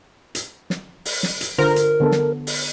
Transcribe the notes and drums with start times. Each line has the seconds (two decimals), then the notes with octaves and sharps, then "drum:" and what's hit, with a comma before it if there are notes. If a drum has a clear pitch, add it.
0.35 drum: hi-hat
0.70 drum: snare
1.05 drum: open hi-hat
1.23 drum: snare
1.41 drum: hi-hat
1.58 D3 F4 A#4 C5
1.76 drum: hi-hat
2.00 D3 B3 A4
2.11 drum: snare
2.47 drum: open hi-hat